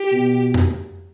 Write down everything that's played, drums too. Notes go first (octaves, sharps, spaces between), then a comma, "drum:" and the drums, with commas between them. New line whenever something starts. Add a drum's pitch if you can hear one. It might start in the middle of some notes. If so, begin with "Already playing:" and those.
Already playing: G4
B2
drum: tom F2